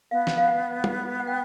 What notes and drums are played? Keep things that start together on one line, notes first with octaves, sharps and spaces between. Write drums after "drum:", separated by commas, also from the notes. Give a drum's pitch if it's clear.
B3 F5
drum: snare
F5
F#5
F#5, drum: tom
F#5
G5